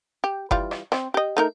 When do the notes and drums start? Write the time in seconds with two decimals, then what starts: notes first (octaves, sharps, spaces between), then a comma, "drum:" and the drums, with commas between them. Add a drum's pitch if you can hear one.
0.24 G4
0.51 E3 G3 F4, drum: kick F#1
0.71 drum: rim click
0.92 C4, drum: rim click
1.14 G4 D#5
1.37 A3 D#4 A#4